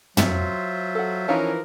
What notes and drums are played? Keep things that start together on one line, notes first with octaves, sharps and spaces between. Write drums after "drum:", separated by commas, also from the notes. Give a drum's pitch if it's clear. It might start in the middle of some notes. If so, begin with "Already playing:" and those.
F#3 F4 C5 E5, drum: tom
A4 F#5
E3 F3 C#4 D#4 A#4 F5 A5